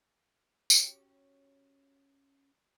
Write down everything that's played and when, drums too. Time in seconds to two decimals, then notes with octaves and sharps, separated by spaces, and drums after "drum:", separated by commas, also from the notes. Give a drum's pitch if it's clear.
0.70 C#4 F#4 G4, drum: tambourine